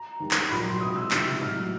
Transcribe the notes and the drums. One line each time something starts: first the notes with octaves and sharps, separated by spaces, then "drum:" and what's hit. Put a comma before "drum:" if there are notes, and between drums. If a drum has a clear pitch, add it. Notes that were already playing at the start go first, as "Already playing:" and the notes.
Already playing: A#5
D#2 D#3 G3
drum: clap
A#1 A#2 F#3 B5
C6
E1 E2 C3 D#6
E6
C#2 C3 D#3 G3 E6, drum: clap
A1 A2 F#3 F6